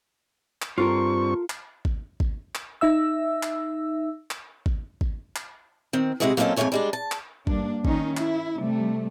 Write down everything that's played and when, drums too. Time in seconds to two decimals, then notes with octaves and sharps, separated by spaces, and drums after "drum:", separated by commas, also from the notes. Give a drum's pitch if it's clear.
0.62 drum: clap
0.78 G2 C4 F4 A4 A#4 C#6
1.50 drum: clap
1.85 drum: kick G#1
2.20 drum: kick G#1
2.55 drum: clap
2.81 D#4 E5 E6
3.43 drum: clap
4.31 drum: clap
4.66 drum: kick G#1
5.01 drum: kick G#1
5.36 drum: clap
5.93 D#3 C4
6.20 C3 F3 G#3 E4 F#4 G#4
6.37 F#3 A#3 C4 C#4 D#4 A4
6.56 F2 G#2 C#3 A3 C#5 G#5
6.72 G3 G#3 D4
6.93 A5
7.12 drum: clap
7.47 G2 A#3 D4, drum: kick G#1
7.85 D#3 C#4 D#4, drum: kick G#1
8.17 E4, drum: clap
8.58 C3 G3 A3